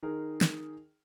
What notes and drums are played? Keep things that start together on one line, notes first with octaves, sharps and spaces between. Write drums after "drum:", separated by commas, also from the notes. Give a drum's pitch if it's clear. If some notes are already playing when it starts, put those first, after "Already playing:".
D#3 D#4 G#4 A#4
drum: snare